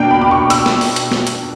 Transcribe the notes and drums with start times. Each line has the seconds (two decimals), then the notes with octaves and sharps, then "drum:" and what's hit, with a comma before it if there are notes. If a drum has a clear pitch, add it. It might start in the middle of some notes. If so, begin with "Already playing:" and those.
Already playing: B2 A#3 D4 G5
0.11 B5
0.21 D6
0.31 C#6
0.50 E6, drum: hi-hat
0.66 drum: snare
0.81 drum: open hi-hat
0.96 drum: hi-hat
1.11 drum: snare
1.27 drum: hi-hat